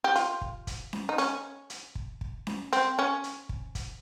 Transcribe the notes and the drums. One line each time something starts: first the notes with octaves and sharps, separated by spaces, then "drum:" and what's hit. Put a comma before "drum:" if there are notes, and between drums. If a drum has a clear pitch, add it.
G4
F4, drum: hi-hat
drum: kick
drum: kick, hi-hat
drum: snare C#4
D#4
C#4, drum: hi-hat
drum: hi-hat
drum: kick
drum: kick
drum: snare C#4
C4, drum: hi-hat
C#4
drum: hi-hat
drum: kick
drum: kick, hi-hat